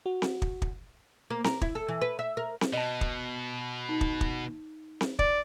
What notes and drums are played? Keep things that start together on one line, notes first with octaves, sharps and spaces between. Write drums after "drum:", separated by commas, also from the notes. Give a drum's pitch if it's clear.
F#4
drum: snare C4
drum: kick
drum: kick
A#3
A#4, drum: snare C4
E4, drum: kick
A4
E3
B4
E5
A#4
drum: snare C4
B2 D#5 A5
drum: kick
D#4
drum: kick
drum: kick
drum: snare C4
D5, drum: kick